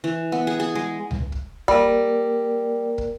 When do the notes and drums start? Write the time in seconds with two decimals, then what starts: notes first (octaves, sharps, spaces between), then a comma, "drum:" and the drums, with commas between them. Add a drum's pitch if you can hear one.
0.04 E3
0.32 B3
0.47 G#4
0.60 G#4
0.75 G#3
1.11 drum: tom C#2
1.32 drum: kick
1.68 G3 A#3 A#4 D5, drum: kick
2.98 drum: kick